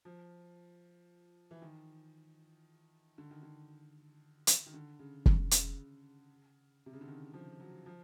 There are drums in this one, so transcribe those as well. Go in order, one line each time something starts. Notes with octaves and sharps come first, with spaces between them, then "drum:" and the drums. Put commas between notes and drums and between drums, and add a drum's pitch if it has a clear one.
F3
E3
D#3
D3
D#3
D3
drum: hi-hat
D#3
D3
C#3
C#3, drum: kick
C#3, drum: hi-hat
C3
C#3
D3
D#3
F3
F#3
F3